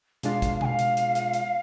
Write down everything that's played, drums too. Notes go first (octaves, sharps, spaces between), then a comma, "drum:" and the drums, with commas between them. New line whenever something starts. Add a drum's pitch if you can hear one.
B2 G#3 D4 F4 F5, drum: hi-hat
drum: kick, hi-hat
G#5, drum: tom B2
F5
drum: hi-hat
drum: hi-hat
drum: hi-hat
drum: hi-hat